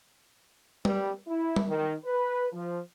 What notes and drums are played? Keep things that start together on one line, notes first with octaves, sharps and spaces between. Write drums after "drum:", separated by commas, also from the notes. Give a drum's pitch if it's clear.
G3, drum: tom G3
E4
drum: tom G3
D#3
B4
F3